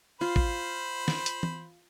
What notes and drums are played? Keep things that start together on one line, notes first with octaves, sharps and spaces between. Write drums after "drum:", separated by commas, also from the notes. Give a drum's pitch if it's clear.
F4 C5 B5
drum: kick
drum: snare
drum: hi-hat
drum: tom E3